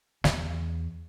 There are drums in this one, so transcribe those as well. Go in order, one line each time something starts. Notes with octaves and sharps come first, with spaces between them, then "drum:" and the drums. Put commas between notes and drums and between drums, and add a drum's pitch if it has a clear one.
E2, drum: snare